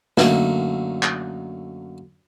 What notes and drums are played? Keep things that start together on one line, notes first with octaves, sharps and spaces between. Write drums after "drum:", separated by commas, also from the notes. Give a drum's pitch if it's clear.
F#2 D3 A3 A#3 D#4, drum: snare
drum: clap